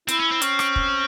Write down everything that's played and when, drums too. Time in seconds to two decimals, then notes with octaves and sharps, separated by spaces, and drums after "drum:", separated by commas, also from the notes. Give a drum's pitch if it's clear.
0.08 C4 E4, drum: hi-hat
0.21 C#4
0.32 C4
0.42 C#4, drum: hi-hat
0.59 drum: rim click
0.76 drum: kick